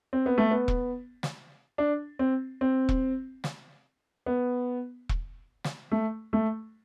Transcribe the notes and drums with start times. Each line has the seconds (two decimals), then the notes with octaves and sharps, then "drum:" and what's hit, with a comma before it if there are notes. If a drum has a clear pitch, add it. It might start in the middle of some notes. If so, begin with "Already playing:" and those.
0.13 C4
0.26 B3
0.38 A3
0.51 B3
0.68 drum: kick E1
1.23 drum: snare
1.78 D4
2.19 C4
2.61 C4
2.89 drum: kick E1
3.44 drum: snare
4.26 B3
5.09 drum: kick E1
5.65 drum: snare
5.91 A3
6.33 A3